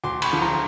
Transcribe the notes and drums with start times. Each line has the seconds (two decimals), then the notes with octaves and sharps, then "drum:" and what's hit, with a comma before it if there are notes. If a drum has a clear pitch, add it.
0.04 D2 C6 D6
0.22 B5 C#6, drum: cymbal
0.32 D3 F3
0.42 A#5 C6